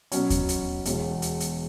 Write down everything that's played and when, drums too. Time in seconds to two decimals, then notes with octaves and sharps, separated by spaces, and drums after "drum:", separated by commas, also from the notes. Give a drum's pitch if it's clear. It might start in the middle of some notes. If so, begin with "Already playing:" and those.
0.12 B2 F#3 C#4, drum: hi-hat
0.30 drum: kick D#2, hi-hat
0.49 drum: hi-hat
0.85 E1 E2 B2, drum: hi-hat
1.22 drum: hi-hat
1.40 drum: hi-hat